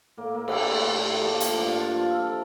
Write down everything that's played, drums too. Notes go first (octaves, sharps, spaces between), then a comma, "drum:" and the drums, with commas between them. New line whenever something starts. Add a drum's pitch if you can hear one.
A2 A#3
A#3
G3 D4 E4, drum: cymbal
E4
A2 D4
F3 A#3
drum: hi-hat
G2 D4
F4
F3 F4
A4
C3 A#4